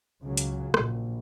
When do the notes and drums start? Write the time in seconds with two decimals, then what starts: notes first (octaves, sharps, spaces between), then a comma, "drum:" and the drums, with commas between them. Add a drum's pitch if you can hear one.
0.22 C#2 C#3 F#3
0.37 drum: hi-hat
0.74 A#1, drum: rim click